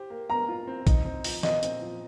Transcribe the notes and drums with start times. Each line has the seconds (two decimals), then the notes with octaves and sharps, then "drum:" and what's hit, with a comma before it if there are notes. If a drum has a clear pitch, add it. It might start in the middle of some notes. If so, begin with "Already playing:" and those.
Already playing: G4 C5
0.10 A#3
0.29 A#4 A#5
0.48 F4
0.67 C4
0.87 D#4, drum: kick A#1, hi-hat
1.05 C4
1.24 F3, drum: open hi-hat
1.43 A#2 D#5, drum: snare
1.63 C4, drum: hi-hat
1.81 F3